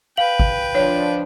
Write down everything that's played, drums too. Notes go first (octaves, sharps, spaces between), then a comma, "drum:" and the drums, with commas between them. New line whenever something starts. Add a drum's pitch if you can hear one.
B4 F5 G5 F#7
drum: kick
F3 D4 C#5